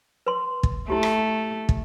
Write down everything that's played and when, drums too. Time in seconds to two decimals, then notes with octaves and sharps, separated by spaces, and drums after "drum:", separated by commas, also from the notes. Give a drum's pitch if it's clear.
0.26 B4 C6
0.63 drum: kick
0.90 A3 E4 G4
1.03 drum: rim click
1.69 drum: kick